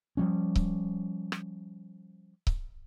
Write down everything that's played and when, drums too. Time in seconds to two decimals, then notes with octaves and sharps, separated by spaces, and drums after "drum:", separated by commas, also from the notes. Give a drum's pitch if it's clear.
0.17 F3 G3 C#4
0.56 drum: kick C#1
1.32 drum: rim click
2.47 drum: kick C#1